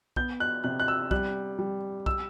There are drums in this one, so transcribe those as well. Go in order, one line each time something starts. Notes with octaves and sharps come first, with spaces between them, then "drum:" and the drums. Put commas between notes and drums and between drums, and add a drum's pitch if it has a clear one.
B3 G6, drum: kick B1
F#6
C3 F#6
F#6
E6
G3 F#6, drum: kick B1
G3
E6, drum: kick B1